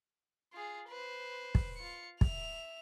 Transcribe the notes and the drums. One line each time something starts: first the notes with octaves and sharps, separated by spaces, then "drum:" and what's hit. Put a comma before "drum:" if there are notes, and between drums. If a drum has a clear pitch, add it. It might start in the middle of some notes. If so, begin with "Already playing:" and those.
F4 G#4
B4 C5
drum: kick
F4 C#7
E5 F7, drum: kick